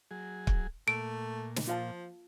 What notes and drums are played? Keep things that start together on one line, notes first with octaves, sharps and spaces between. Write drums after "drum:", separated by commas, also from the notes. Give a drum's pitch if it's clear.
F#3 G#4
drum: kick
A#2 A3 D7
drum: snare
F3 F4 F5 A5